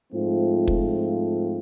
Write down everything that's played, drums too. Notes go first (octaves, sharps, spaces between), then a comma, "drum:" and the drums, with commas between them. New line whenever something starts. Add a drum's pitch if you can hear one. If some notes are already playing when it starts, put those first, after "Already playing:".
G#2 F3 A3 C4 F4
drum: kick